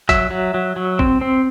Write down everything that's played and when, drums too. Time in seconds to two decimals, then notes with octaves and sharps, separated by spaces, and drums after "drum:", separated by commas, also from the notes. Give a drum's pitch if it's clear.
0.09 F#3 E5, drum: kick, hi-hat
0.31 F#3
0.54 F#3
0.76 F#3
0.99 C4, drum: kick
1.21 C4